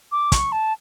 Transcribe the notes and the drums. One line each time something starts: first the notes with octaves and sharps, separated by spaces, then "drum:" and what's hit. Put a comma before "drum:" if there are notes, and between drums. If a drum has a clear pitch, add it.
D6
C#6, drum: kick, hi-hat
A5